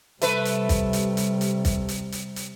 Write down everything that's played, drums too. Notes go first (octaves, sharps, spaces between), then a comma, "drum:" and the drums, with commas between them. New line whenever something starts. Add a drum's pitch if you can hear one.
C3 G3 A3 B4, drum: hi-hat
drum: hi-hat
drum: kick, hi-hat
drum: hi-hat
drum: hi-hat
drum: hi-hat
drum: kick, hi-hat
drum: hi-hat
drum: hi-hat
drum: hi-hat